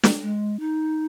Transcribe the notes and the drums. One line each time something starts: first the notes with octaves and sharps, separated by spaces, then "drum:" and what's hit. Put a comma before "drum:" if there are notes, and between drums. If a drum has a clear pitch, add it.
drum: snare
G#3
D#4